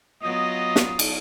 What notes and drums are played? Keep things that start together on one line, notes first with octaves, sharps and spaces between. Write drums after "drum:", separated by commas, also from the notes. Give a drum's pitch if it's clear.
F#3 B3 F4 D#5 D#6
drum: snare
drum: cymbal